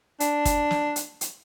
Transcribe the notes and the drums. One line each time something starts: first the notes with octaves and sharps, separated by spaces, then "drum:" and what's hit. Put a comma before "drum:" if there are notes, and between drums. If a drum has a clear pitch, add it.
D4, drum: hi-hat
drum: kick, hi-hat
drum: snare
drum: hi-hat
drum: hi-hat